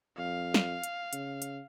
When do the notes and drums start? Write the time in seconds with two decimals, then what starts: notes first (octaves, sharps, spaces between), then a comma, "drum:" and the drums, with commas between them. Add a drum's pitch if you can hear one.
0.17 F2 F5
0.54 drum: snare
0.84 drum: hi-hat
1.13 C#3, drum: hi-hat
1.42 drum: hi-hat